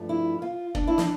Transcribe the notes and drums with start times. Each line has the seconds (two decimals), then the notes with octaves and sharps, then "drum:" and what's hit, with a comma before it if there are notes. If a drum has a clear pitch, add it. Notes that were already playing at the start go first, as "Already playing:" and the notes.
Already playing: G2 F3 A3
0.09 E4
0.42 F4
0.75 D4, drum: kick
0.87 E4
0.98 D4, drum: snare